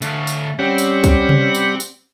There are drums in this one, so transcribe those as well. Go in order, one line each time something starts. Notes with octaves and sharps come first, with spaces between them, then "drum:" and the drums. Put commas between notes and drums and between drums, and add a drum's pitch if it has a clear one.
D3 A3 F5, drum: tambourine
drum: tambourine
G3 C4 C#4 G4 F#5
drum: tambourine
drum: kick C2, tambourine
drum: tom C3
drum: tambourine
drum: tambourine